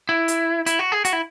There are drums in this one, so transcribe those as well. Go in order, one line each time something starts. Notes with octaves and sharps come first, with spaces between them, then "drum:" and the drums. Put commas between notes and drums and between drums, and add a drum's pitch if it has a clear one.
E4
drum: hi-hat
E4, drum: hi-hat
F#4
G#4
F#4, drum: hi-hat
E4